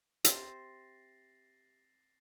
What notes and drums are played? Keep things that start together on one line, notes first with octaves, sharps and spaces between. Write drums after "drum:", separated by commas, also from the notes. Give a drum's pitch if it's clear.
C4 G4 C5 E5 A6 A#6 C7, drum: hi-hat